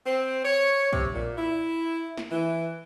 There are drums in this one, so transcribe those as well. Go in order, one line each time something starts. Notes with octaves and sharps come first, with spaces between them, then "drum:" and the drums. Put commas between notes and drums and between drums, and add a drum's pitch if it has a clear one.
C4
C#5
C3, drum: kick A#1
A#2
E4
drum: snare
E3